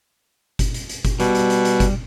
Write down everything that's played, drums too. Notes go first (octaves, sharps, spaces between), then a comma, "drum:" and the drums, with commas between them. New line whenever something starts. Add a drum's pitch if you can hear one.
drum: kick F#1, hi-hat
drum: hi-hat
drum: hi-hat
drum: kick F#1, hi-hat
B2 G3, drum: hi-hat
drum: hi-hat
drum: hi-hat
drum: hi-hat
drum: kick F#1, hi-hat